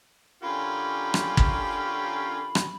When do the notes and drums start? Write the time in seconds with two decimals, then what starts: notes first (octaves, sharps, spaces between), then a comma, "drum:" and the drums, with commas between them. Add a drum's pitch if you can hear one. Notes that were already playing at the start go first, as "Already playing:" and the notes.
0.43 D3 C#4 F4 G4 A#4 C#5 B5
1.14 drum: rim click
1.37 drum: kick
2.55 drum: rim click